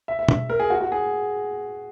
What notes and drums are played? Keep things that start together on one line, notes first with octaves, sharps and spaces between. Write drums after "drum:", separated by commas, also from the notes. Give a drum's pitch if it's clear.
E5
E5
drum: tom B2
A#4
G#4
F#4
F#4
G#4